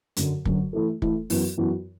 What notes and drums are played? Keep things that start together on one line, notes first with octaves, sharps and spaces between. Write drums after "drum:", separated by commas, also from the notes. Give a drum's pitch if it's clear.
F#2 D3 F#3, drum: hi-hat
F#2 D3 F#3, drum: kick
E3 A3 E4 A4
E3 A3 E4 A4, drum: kick
F#2 E3 B3 F#4, drum: open hi-hat
F#2 E3 B3 F#4